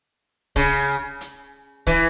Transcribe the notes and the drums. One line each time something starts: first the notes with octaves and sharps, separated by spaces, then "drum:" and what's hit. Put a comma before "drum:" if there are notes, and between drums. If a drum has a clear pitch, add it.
C#3, drum: kick, hi-hat
drum: hi-hat
E3, drum: kick, hi-hat